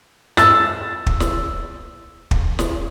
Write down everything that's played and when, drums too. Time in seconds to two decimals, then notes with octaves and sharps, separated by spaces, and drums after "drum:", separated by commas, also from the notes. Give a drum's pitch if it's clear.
0.37 E6 A6, drum: snare
1.06 drum: kick
1.20 drum: snare
2.31 drum: kick
2.59 drum: snare